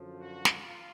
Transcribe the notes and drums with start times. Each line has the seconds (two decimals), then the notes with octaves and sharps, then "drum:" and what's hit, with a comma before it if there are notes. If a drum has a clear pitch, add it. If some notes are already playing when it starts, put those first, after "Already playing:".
Already playing: F#2 D3 F3
0.20 F#4
0.45 drum: snare
0.62 F4